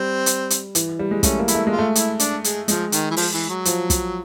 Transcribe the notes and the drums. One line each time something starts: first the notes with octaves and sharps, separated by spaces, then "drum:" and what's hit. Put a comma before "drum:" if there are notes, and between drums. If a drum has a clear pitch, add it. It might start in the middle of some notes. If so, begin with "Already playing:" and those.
Already playing: G3 C4
drum: hi-hat
drum: hi-hat
E3, drum: hi-hat
G3
G#3
A3 C#4, drum: kick, hi-hat
A#3
E4, drum: hi-hat
A3
G#3 F4
A3
E4, drum: hi-hat
D4, drum: hi-hat
G#3, drum: hi-hat
F3 G#3, drum: hi-hat
D#3, drum: hi-hat
E3
F3, drum: open hi-hat
E3
F#3
F3, drum: hi-hat
drum: kick, hi-hat